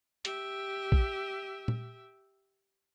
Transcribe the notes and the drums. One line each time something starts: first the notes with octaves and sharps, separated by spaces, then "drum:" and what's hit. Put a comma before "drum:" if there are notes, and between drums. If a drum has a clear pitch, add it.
G4 E5, drum: hi-hat
drum: kick A#1
drum: tom A#2